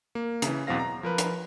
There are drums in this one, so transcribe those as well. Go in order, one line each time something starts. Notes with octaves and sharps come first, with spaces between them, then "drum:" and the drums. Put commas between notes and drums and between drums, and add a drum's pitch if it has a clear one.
A#3
C#3 E3, drum: hi-hat
E2 B2 F#3 C4 F5 A#6
A#5
F3 A#4 B4
drum: hi-hat